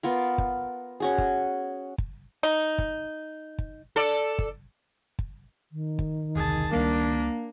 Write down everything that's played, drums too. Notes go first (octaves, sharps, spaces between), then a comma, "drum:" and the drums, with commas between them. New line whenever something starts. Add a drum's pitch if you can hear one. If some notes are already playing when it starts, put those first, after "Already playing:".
B3 F4 A#4
drum: kick
C#4 F#4 G#4
drum: kick
drum: kick
D#4
drum: kick
drum: kick
A4 D5
drum: kick
drum: kick
D#3
drum: kick
E1 C2 D3 G#4 A5
C#2 G3 A#3 D4